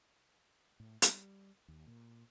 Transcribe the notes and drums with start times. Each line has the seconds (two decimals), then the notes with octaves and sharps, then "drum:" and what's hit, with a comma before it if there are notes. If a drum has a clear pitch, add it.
0.80 A2
1.02 G3, drum: hi-hat
1.68 D#2
1.87 A#2